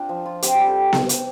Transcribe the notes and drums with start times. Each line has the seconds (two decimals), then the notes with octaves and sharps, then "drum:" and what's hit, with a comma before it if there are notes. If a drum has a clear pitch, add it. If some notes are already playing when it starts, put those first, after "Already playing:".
Already playing: C4 D4 F4 G5
0.09 F3
0.26 F4
0.42 C4 G4, drum: hi-hat
0.55 G3 G4
0.68 A4
0.93 drum: snare B3
1.09 drum: hi-hat